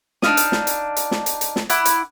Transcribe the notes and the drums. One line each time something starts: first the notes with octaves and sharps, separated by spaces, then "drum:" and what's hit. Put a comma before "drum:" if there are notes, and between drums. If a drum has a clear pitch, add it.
D4 D#4 F5 D#6, drum: snare
drum: hi-hat
drum: snare
drum: hi-hat
drum: hi-hat
drum: snare
drum: hi-hat
drum: hi-hat
drum: snare
E4 F#5 D6, drum: hi-hat
drum: hi-hat